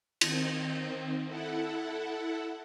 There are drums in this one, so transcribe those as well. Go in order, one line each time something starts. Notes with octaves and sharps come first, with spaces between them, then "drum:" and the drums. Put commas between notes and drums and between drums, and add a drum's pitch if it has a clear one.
D#3 C4, drum: cymbal
E4 A4 F#5